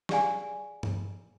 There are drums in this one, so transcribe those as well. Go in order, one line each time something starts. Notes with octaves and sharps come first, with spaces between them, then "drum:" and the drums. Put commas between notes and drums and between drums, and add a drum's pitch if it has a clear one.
G4 G#4 D5 F5 G#5, drum: snare
drum: tom G2